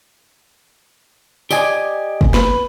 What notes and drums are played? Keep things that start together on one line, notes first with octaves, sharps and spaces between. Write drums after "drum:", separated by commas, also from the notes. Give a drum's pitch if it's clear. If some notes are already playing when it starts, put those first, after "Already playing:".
G4 D5 D#5 G#5, drum: tambourine
drum: kick
B4, drum: snare